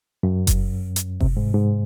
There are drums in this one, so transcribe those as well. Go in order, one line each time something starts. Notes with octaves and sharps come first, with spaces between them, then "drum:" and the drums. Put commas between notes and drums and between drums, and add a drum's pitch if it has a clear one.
F#2
drum: kick F#1, hi-hat
drum: hi-hat
C3, drum: kick F#1
G#2
G#2